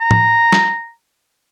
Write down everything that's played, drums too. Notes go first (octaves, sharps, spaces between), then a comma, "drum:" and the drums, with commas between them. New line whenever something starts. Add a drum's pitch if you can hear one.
A#5
drum: tom A2
drum: snare